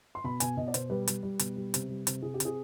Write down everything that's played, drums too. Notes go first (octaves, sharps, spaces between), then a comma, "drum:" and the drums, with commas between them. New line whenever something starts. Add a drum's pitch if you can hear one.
C6
B2 B5
B2 G#5, drum: hi-hat
B2 D#5
D5
B2 C5, drum: hi-hat
G3 B4
G3, drum: hi-hat
G3
B2, drum: hi-hat
G3
C3, drum: hi-hat
G3
C3, drum: hi-hat
C3 G#4
G4
C3, drum: hi-hat
G#4